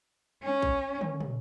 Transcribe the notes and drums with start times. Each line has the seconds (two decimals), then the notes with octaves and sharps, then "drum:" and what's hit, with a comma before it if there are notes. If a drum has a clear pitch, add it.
0.43 C#4
0.62 drum: kick
1.01 drum: tom
1.20 drum: tom